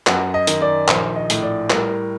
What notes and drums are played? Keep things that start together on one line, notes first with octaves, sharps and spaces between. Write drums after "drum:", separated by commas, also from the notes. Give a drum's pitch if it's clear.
F#2 F#5, drum: clap
D#5
D#3, drum: hi-hat
D5
A#1 C5, drum: clap
D#5
A2, drum: hi-hat
D5
G3 A#4, drum: clap